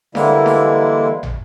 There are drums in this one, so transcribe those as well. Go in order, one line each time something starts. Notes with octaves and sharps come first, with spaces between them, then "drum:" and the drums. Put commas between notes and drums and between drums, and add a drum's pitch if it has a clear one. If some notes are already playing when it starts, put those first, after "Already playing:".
D3 E3 G3 G#3 A#3 E4, drum: snare D4
drum: snare D4
drum: tom